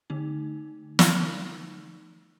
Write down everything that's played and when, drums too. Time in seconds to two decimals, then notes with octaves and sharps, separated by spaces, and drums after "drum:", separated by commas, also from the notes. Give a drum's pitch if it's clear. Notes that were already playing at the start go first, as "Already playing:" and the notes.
0.10 D3 A3 D#4
0.99 drum: snare